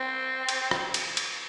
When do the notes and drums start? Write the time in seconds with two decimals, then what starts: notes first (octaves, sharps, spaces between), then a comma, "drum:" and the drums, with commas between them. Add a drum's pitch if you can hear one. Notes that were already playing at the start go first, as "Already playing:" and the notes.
Already playing: C4
0.49 drum: cymbal
0.71 drum: rim click
0.94 drum: cymbal
1.17 drum: cymbal